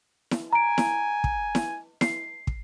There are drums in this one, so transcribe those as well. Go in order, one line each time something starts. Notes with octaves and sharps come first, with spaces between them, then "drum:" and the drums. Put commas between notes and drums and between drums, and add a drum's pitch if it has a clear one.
drum: snare E4
G#5 A#5 D7
drum: snare E4
drum: kick
drum: snare E4
C7, drum: snare E4
drum: kick